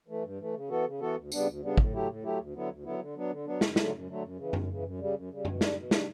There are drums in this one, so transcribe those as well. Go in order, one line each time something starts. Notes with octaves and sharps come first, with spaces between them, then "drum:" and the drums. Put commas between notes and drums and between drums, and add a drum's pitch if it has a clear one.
E3 A3
G2
E3 A3
C#3
E3 B3 F#4 A4
C#3
E3 B3 F#4 A4
D2
C#3 G3 B3 D4, drum: tambourine
D2
C#3 G3 B3 D4
A2, drum: kick
F#3 A3 E4 G4
A2
F#3 A3 E4 G4
D2
D3 F#3 B3 E4
D2
D3 F#3 B3 E4
D3
F#3 B3 D4
D3
F#3 B3 D4
F#2, drum: snare
D3 F#3 A3, drum: snare
F#2
D3 F#3 A3
F#2
C#3 E3
F#2, drum: tom F#2
C#3
E3
F#2
C#3 G3
F#2
C#3 G3
B2, drum: tom F#2
G3 D4, drum: snare
B2
G3 D4, drum: snare